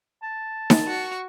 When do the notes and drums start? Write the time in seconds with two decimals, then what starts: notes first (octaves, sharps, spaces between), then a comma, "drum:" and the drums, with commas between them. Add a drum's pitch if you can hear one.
0.23 A5
0.70 drum: snare D#4
0.87 F#4 C#6